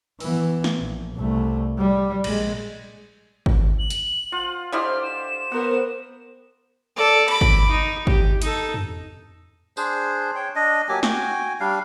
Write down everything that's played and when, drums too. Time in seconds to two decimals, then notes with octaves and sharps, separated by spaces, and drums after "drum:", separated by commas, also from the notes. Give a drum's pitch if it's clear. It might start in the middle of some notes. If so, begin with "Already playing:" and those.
0.20 E3 B3, drum: open hi-hat
0.64 drum: snare
0.78 A#1
1.15 C2 A3
1.78 G3
2.24 A#1 G#3, drum: cymbal
3.46 drum: kick
3.79 F#7
3.90 drum: hi-hat
4.32 F4 F#5
4.72 D3 E4 G4 C5 D#5 F6
5.03 E7
5.52 B3 A#4 C5 F#5
6.96 A4 D5
7.28 B5 D6, drum: cymbal
7.41 drum: kick
7.71 D#4
8.07 G4, drum: kick
8.42 D#4 A4, drum: hi-hat
8.74 drum: tom
9.77 D4 G#4 C5, drum: tambourine
10.35 C#5 G5
10.55 D4 D#5
10.89 F#3 A#3 G4 G#5
11.03 F#4 G5 G#5, drum: snare
11.60 G3 D4 F5